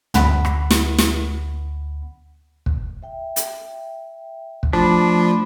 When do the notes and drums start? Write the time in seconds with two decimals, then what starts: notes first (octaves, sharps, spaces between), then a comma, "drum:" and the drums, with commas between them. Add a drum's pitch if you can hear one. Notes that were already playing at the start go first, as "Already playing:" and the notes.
0.14 D2 F#5 B5, drum: tom
0.45 drum: rim click
0.71 drum: snare
0.98 drum: snare
2.66 drum: kick
3.03 E5 G5
3.36 drum: hi-hat
4.63 drum: kick
4.73 F3 A3 D4 B5